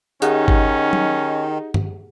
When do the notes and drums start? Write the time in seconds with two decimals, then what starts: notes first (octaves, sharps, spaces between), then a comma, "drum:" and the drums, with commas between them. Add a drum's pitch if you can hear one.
0.22 D#3 C#4 D#4 G4 G#4 F#5, drum: hi-hat
0.48 drum: kick
0.93 drum: tom F#3
1.74 drum: tom